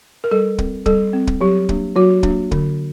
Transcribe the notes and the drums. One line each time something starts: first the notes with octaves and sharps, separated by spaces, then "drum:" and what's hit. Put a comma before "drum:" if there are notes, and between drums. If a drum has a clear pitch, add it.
A#4
G3 A4
C4, drum: kick
G3 A4, drum: kick
C4
drum: kick
F#3 G4
A#3 D4, drum: kick
F#3 F#4
A#3 D4, drum: kick
D3, drum: kick